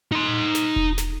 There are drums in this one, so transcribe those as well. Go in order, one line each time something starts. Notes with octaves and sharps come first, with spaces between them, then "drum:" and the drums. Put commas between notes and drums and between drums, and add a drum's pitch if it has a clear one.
D#4 C6
drum: snare
drum: kick E1
drum: snare